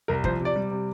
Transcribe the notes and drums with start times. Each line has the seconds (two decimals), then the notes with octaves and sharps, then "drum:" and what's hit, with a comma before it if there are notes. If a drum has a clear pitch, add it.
0.08 C2 A#4
0.24 F3 C5, drum: kick
0.41 C3 D5
0.56 G3
0.71 C3